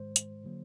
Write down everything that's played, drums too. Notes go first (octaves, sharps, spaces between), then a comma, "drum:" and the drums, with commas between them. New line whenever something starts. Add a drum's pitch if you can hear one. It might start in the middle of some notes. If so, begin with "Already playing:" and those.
Already playing: G#2 D#3 G#3 C5
drum: hi-hat
D3 F#3 A#3